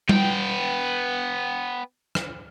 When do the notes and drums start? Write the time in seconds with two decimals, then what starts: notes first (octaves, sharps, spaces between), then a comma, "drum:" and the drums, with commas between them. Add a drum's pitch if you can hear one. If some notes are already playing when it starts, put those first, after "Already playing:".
0.09 B3 G5, drum: tom G3
2.15 drum: rim click